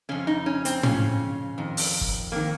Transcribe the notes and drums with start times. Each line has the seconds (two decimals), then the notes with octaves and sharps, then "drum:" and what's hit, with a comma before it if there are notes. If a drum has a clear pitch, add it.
0.09 F2 C#3 C#4
0.27 D#4
0.46 C#4
0.65 C4, drum: hi-hat
0.83 F2 C#3 C#4, drum: tom
1.58 F2 D#3
1.77 drum: open hi-hat
2.01 drum: kick G1
2.32 F2 D#3 A#3